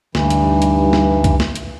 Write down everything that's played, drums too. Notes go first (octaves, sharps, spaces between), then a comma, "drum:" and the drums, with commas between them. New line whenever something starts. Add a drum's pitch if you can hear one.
D2 G2 E3 G3 D#4, drum: snare
drum: hi-hat
drum: hi-hat
drum: snare
drum: kick C2, hi-hat
drum: snare
drum: hi-hat